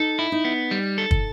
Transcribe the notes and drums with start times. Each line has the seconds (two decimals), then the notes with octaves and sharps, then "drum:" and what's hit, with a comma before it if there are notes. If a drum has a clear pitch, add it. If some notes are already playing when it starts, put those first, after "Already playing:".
Already playing: D#4 A4
0.19 E4
0.32 D#4
0.45 B3
0.71 G3
0.98 A4
1.11 drum: kick